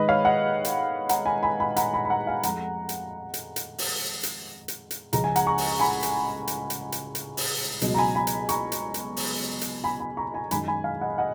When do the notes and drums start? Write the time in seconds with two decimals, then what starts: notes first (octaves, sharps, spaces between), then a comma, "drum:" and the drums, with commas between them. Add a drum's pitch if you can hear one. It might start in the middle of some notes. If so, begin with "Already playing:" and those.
Already playing: G#2 D#3 G#3 B4 D#5
0.08 C#5 F5
0.25 D#5 F#5
0.65 drum: hi-hat
1.09 F#5 A#5, drum: hi-hat
1.26 G#5 B5
1.43 G#5 B5
1.60 G#5 B5
1.76 F#5 A#5, drum: hi-hat
1.94 G#5 B5
2.05 B5
2.10 F#5 A#5
2.27 F5 G#5
2.43 F2 F3 G#3 F#5 A#5, drum: hi-hat
2.89 drum: hi-hat
3.34 drum: hi-hat
3.56 drum: hi-hat
3.78 drum: open hi-hat
4.23 drum: hi-hat
4.68 drum: hi-hat
4.91 drum: hi-hat
5.13 C#2 C#3 F3 G#3 A#5, drum: hi-hat
5.24 G#5
5.36 F#5 A#5, drum: hi-hat
5.47 A#5 C#6
5.58 drum: open hi-hat
5.80 G#5 B5
6.03 drum: hi-hat
6.47 drum: hi-hat
6.70 drum: hi-hat
6.92 drum: hi-hat
7.15 drum: hi-hat
7.37 drum: open hi-hat
7.81 C#2 B2 F#3, drum: hi-hat
7.94 A#5
7.98 G#5 B5
8.15 G#5 B5
8.27 drum: hi-hat
8.49 A#5 C#6, drum: hi-hat
8.72 drum: hi-hat
8.94 drum: hi-hat
9.17 drum: open hi-hat
9.61 drum: hi-hat
9.84 G#5 B5
10.00 G#5 B5
10.17 A#5 C#6
10.34 G#5 B5
10.51 F#2 D#3 G#3 G#5 B5, drum: hi-hat
10.68 G#5 B5
10.84 F5 G#5
11.01 D#5 F#5
11.18 D#5 F#5